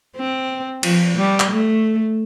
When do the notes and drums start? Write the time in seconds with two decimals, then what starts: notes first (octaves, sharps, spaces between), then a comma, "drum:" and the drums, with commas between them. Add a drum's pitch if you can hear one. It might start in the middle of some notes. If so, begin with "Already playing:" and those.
0.16 C4
0.83 F3, drum: cymbal
1.17 G3
1.40 drum: clap
1.51 A3